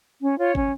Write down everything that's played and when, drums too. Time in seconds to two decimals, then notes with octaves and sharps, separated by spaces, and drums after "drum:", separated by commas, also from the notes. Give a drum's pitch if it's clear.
0.21 C#4
0.38 F4 C#5
0.55 C#4, drum: kick